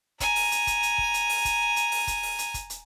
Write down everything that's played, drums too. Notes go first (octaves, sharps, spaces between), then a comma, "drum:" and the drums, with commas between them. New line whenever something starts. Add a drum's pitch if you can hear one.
G#5 A#5, drum: kick, hi-hat
drum: open hi-hat
drum: hi-hat
drum: kick, hi-hat
drum: hi-hat
drum: kick
drum: hi-hat
drum: open hi-hat
drum: kick, hi-hat
drum: hi-hat
drum: open hi-hat
drum: kick, hi-hat
drum: open hi-hat
drum: hi-hat
drum: kick, hi-hat
drum: hi-hat